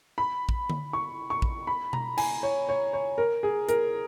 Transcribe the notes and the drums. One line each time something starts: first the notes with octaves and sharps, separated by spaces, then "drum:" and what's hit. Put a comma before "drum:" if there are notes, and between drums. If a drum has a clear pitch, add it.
B5
drum: kick
drum: tom D3
C#6
C#6
drum: kick
B5
A#5, drum: tom B2
G#5, drum: cymbal
C#5
C#5
C#5
A#4
G#4
A#4, drum: hi-hat